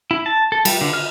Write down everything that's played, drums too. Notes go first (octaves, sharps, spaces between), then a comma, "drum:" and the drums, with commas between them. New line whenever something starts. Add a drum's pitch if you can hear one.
E4
A5
A4
G3, drum: cymbal
D3
F6